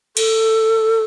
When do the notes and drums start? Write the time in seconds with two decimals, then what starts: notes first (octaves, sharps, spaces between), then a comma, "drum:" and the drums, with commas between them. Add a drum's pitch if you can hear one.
0.17 A4, drum: cymbal